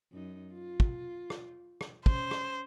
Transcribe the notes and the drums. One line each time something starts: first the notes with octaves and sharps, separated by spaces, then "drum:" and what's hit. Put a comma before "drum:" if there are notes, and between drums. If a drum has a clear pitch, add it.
F#2 D#4
F4
drum: kick
drum: rim click
drum: rim click
C#4 C5, drum: kick
drum: rim click